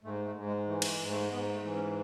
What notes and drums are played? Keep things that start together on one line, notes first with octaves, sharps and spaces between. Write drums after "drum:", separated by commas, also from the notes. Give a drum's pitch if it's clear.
G#2 A3
A3
G#2
G#3
E3 A3
A3, drum: cymbal
G#3
G#2
A3
G#2 B3
A3
E3
C#4